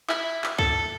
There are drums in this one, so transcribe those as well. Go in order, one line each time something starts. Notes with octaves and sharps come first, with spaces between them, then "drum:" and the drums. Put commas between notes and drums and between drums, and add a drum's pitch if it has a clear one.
E4, drum: clap
drum: clap
A4, drum: kick